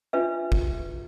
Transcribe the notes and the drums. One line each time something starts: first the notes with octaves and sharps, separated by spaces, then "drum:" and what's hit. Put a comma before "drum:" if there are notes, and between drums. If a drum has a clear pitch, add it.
D4 F4 B4 E5
drum: kick